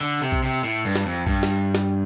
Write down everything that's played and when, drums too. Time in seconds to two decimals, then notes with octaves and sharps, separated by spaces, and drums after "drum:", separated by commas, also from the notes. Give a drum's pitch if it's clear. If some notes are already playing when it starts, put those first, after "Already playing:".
0.01 D3
0.21 C3
0.32 drum: kick A#1
0.43 C3
0.64 A2
0.85 G2
0.95 drum: snare
1.06 F2
1.27 G2, drum: kick A#1
1.43 drum: snare
1.75 drum: snare